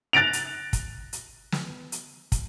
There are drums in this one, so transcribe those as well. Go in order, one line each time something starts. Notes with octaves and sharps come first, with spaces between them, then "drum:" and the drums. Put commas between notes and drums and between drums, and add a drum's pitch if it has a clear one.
F#6 A6 A#6 D7 F7
drum: hi-hat
drum: kick, hi-hat
drum: hi-hat
drum: snare
drum: hi-hat
drum: kick, hi-hat